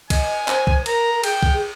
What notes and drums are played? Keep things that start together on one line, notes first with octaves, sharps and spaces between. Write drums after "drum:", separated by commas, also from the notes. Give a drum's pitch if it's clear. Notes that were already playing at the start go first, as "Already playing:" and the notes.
D#5 G#5, drum: kick, cymbal
C5, drum: clap
drum: kick
A#4 A#5, drum: cymbal
A#4
G#4 G5, drum: cymbal
drum: kick
G#4